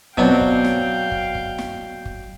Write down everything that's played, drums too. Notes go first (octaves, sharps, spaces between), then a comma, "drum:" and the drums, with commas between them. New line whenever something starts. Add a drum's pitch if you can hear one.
B2 F#3 B3 C4 D4 F5 G5, drum: kick
drum: kick
drum: snare
drum: kick
drum: kick
drum: snare
drum: kick